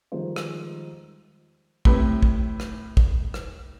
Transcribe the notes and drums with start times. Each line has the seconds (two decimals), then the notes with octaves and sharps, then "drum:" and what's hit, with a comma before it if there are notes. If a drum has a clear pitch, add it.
0.12 D#3 F3 G3 G#3 C5
0.36 drum: rim click
1.85 A2 C3 B4, drum: kick
2.23 drum: kick
2.60 drum: rim click
2.97 drum: kick
3.34 drum: rim click